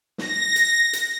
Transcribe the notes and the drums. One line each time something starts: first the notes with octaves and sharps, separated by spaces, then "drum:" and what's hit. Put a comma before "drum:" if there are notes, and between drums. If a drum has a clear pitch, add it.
A#6, drum: snare
drum: hi-hat
drum: hi-hat